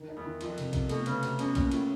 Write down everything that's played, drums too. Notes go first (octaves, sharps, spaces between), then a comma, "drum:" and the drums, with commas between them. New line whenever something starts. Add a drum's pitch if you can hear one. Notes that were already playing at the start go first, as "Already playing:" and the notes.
Already playing: D#3
D#4
E2
D#3
F2 F3, drum: cymbal
C3, drum: cymbal
C3, drum: kick A#1, cymbal
B2 A3, drum: cymbal
C#3 B4, drum: cymbal
C3 F#4, drum: cymbal
B2 C#4, drum: cymbal
A#2 C#4, drum: kick A#1, cymbal
A2 F4, drum: cymbal